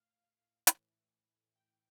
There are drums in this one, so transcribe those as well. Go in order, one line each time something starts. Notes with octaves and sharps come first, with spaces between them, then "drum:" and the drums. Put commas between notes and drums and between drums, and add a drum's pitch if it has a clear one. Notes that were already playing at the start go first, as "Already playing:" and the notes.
Already playing: A2 F5
A2 E3, drum: hi-hat
G5